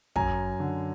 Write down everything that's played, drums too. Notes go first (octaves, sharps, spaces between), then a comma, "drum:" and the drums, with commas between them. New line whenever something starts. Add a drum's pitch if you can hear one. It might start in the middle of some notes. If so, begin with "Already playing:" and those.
F#2 G#5 A#5, drum: kick
D3